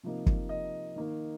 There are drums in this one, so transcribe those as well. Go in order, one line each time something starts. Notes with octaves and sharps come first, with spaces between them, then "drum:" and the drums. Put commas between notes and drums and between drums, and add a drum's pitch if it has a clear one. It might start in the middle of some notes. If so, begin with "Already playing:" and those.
C3 F3 A#3 D#4
drum: kick
D#5
D#3 A#3 D#4